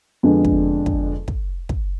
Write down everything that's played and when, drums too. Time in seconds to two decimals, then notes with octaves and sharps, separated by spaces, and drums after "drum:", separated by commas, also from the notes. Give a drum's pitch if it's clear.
0.23 F2 D3 G#3 B3 D4
0.45 drum: kick
0.86 drum: kick
1.28 drum: kick
1.69 drum: kick